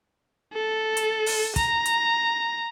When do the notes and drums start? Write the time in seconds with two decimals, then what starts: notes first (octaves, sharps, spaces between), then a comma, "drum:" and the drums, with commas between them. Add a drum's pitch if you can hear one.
0.53 A4
0.97 drum: hi-hat
1.26 drum: open hi-hat
1.56 A#5, drum: kick, hi-hat
1.86 drum: hi-hat